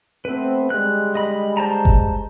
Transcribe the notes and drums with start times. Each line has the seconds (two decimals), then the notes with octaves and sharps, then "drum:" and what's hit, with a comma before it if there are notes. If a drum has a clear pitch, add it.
0.25 A3 B3 C4 B4
0.70 D3 G3 G#3 F#6
1.15 D#5 B5
1.57 C5 A5 A#5
1.85 drum: kick G1